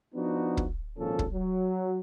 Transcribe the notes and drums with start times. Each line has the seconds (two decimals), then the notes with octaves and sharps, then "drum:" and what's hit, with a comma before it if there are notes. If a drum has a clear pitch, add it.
0.15 F3 B3 D4 D#4 F#4
0.57 drum: kick
0.98 G#1 A#2 F3 C#4 A4
1.19 drum: kick
1.32 F#3